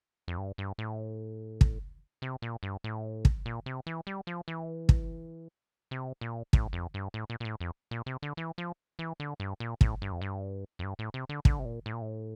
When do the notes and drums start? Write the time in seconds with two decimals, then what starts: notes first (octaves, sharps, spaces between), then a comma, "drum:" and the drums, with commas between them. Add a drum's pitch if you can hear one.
0.28 F2
0.38 G2
0.58 G2
0.78 A2
1.61 drum: kick
2.22 C3
2.42 A#2
2.63 G2
2.84 A2
3.25 drum: kick
3.45 A#2
3.66 C3
3.87 E3
4.07 G3
4.27 F3
4.48 E3
4.89 drum: kick
5.91 C3
6.21 A#2
6.53 A2, drum: kick
6.73 F2
6.94 G2
7.14 A2
7.30 A#2
7.40 A#2
7.45 A2
7.61 F2
7.91 A#2
8.06 C3
8.22 D3
8.37 E3
8.58 F3
8.99 E3
9.20 D3
9.40 G2
9.60 A#2
9.81 A2, drum: kick
10.02 G2
10.12 F2
10.22 G2
10.79 F2
10.83 G2
10.99 A2
11.14 C3
11.29 D3
11.45 D3, drum: kick
11.59 C3
11.65 A#2
11.86 A2
11.93 A#2
12.02 A2